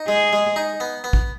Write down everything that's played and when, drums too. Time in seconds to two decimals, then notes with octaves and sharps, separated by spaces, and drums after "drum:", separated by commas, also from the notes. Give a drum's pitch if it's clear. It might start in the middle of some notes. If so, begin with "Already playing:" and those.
Already playing: D#4
0.08 G#3 G#4
0.33 G#3
0.56 D#4
0.80 B3
1.04 B3
1.13 drum: kick